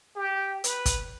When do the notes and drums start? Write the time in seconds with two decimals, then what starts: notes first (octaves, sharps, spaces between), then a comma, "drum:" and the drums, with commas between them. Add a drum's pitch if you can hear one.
0.16 G4
0.64 B4, drum: hi-hat
0.86 drum: kick, hi-hat